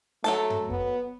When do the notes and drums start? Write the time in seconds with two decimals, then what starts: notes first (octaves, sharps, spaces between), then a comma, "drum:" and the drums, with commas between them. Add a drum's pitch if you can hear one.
0.24 F#3 A3 A4 A5, drum: hi-hat
0.50 drum: tom
0.70 B3, drum: kick